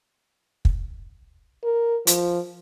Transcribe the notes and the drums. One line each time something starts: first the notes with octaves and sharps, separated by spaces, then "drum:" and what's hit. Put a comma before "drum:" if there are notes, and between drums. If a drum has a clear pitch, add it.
drum: kick
A#4
F3, drum: hi-hat